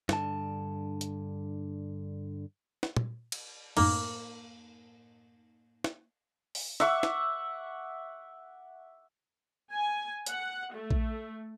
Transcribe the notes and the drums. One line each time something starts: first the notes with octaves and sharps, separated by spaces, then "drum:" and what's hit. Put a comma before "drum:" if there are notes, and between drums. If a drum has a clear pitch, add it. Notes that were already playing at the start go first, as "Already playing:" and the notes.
G2 D3 A5, drum: snare
drum: hi-hat
drum: snare
drum: tom
drum: cymbal
F#2 A2 A#3 D#4, drum: cymbal
drum: snare
drum: open hi-hat
E5 F#5 C#6 D6, drum: snare
drum: snare
G#5
F#5, drum: hi-hat
A3
drum: kick A#1